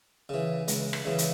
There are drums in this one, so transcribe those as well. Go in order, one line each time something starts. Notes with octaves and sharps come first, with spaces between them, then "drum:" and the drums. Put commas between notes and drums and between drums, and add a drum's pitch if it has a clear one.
C#3 E3
C#2, drum: hi-hat
drum: rim click
C#3 E3
drum: hi-hat